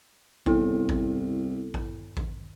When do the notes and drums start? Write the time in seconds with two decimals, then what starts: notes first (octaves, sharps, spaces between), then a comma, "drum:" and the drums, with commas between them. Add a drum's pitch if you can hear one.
0.46 C2 B3 E4 A4, drum: kick A1
0.89 drum: kick A1
1.74 drum: kick A1
2.17 drum: kick A1